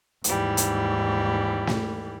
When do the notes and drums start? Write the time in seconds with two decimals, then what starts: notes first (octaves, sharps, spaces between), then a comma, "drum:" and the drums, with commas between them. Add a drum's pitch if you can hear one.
0.24 D#2 G#2 E3 G3, drum: hi-hat
0.57 drum: hi-hat
1.67 drum: snare